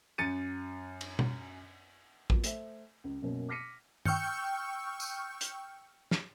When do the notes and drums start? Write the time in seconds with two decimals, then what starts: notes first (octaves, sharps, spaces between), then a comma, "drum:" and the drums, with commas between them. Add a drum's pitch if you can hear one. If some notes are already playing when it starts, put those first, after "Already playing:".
0.18 F#2 A6 C#7 D#7
1.01 drum: cymbal
1.19 drum: tom B2
2.30 F#3 A#3 B3 F4, drum: kick
2.44 A3 A4 C5 E5, drum: hi-hat
3.04 C#2
3.22 F#2 B2 A#3 C#4
3.49 D6 F6 A#6 B6 C#7 D#7
4.05 G5 C#6 E6 F6 G6 C#7, drum: tom G2
5.00 drum: tambourine
5.41 drum: hi-hat
6.11 drum: snare